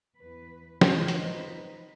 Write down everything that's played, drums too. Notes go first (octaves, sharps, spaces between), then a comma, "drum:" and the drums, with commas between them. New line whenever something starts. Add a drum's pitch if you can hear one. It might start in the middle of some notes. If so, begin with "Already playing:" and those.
E2 B4
C4 C#4 F4, drum: snare
drum: hi-hat
D#4 B4 C5 D#5